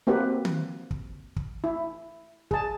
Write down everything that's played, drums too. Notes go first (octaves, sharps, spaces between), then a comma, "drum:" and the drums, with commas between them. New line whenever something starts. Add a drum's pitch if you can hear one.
A#3 C4 F#4 G4 B4
drum: tom D#3
drum: kick
drum: kick
E4
G#4 A5, drum: kick